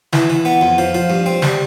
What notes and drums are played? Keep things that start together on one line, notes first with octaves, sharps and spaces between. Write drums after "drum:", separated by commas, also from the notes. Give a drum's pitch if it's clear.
E3, drum: snare
E3
B3
F2
F3
F3
G2
C4
G3, drum: snare